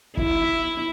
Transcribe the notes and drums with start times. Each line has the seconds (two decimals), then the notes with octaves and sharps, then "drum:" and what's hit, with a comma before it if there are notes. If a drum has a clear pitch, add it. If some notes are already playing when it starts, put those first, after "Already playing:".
0.17 E4, drum: kick